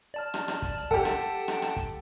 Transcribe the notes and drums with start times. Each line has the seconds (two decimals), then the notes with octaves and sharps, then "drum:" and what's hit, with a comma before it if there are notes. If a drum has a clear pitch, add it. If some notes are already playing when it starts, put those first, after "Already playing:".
0.14 D5 A5 F6
0.34 drum: rim click
0.48 drum: rim click
0.62 drum: kick, hi-hat
0.77 drum: hi-hat
0.91 G4 A4 F#5 G5 A5, drum: kick, hi-hat
1.05 drum: rim click
1.19 drum: hi-hat
1.34 drum: hi-hat
1.48 drum: rim click
1.62 drum: rim click
1.76 drum: kick, hi-hat